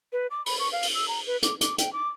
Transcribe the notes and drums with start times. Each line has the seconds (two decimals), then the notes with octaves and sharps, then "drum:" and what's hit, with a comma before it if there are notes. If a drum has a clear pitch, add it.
0.13 B4
0.30 D6
0.46 B5, drum: open hi-hat
0.59 C#6
0.72 F5
0.83 drum: open hi-hat
0.94 E6
1.08 A#5
1.27 B4
1.43 D6, drum: hi-hat
1.61 D6, drum: hi-hat
1.78 G5, drum: hi-hat
1.93 D6